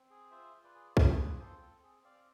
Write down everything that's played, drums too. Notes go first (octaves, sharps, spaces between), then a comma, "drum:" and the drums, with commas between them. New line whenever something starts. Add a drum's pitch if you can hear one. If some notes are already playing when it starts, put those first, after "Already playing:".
Already playing: C4
G#4
F4 C5 E5
F4
B4 D5
G#4
G#4 C5 E5, drum: kick C2
F4 B4 D5
C4 A4 C5
C4 A4
C4 G#4
C4 D5 F5